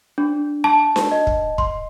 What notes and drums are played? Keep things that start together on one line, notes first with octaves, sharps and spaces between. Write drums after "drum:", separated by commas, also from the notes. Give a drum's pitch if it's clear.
D4
A5
drum: snare D4
D#5
drum: kick
C6, drum: kick